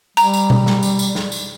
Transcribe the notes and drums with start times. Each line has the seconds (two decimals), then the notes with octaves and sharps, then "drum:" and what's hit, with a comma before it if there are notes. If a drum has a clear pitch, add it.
0.17 G3 A#5, drum: tambourine
0.34 drum: tambourine
0.50 drum: tom B2
0.66 drum: snare
0.83 drum: tambourine
0.99 drum: tambourine
1.15 drum: snare
1.32 drum: tambourine